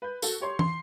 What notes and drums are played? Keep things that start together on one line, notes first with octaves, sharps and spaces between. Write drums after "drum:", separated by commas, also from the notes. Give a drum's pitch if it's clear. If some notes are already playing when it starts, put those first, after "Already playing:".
B4 G6
F#4 A4, drum: tambourine
G4 C#5 C6
C6 C7, drum: tom